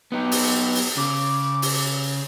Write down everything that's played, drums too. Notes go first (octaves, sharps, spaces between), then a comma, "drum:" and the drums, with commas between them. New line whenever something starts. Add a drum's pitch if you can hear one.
B3 D#4 G4
drum: open hi-hat
drum: open hi-hat
C#3 D6
drum: open hi-hat